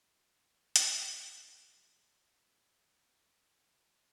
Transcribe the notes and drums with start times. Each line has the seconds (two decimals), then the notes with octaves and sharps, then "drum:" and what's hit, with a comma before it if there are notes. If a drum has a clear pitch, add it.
0.10 A#2
0.76 C#3, drum: hi-hat
2.07 C#3